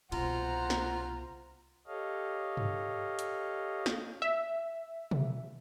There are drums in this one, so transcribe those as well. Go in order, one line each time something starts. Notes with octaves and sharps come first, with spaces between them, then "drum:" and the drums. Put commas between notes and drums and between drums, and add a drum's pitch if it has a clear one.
C2 B2 F4 C5 F#5 A#5, drum: cymbal
drum: snare
G4 A4 C#5 D#5 F5
drum: tom G2
drum: hi-hat
drum: snare
E5
drum: tom B2